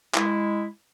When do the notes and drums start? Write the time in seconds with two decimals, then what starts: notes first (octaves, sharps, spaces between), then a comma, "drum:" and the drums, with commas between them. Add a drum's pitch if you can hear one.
0.15 G#3 E4, drum: clap